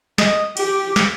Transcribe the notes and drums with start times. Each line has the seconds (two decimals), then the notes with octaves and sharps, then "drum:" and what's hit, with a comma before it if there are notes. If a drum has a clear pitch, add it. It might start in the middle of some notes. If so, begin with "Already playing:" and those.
0.18 D#5, drum: snare
0.57 G4, drum: cymbal
0.96 drum: snare